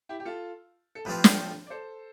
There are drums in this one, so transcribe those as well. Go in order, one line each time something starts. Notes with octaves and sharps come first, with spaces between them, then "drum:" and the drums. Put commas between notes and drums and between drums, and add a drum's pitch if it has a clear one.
E4 G4
G4
F4 A4
A4
A2 F3 C4 F4 G4 B4
drum: snare
D5
A4 C5